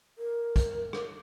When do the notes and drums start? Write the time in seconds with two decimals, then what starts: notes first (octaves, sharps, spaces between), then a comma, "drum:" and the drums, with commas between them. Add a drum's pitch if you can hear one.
0.18 A#4
0.56 drum: kick, hi-hat
0.93 drum: rim click